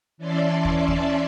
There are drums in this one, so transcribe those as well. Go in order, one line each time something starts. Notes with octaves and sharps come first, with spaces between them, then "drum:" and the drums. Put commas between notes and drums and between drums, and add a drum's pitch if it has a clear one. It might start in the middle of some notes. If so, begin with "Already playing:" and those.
E3 C#4 D5 E5 A5 C6
drum: kick
drum: kick